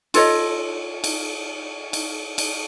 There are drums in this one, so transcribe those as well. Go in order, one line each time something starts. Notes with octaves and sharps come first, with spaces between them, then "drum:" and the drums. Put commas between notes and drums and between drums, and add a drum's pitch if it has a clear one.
F4 A4 C#5 D#5, drum: cymbal
drum: cymbal
drum: cymbal
drum: cymbal